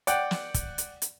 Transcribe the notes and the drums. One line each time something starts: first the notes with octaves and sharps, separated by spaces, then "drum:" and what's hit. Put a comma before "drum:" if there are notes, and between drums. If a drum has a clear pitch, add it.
D5 F#5 G5, drum: hi-hat
drum: snare
drum: kick, hi-hat
drum: hi-hat
drum: hi-hat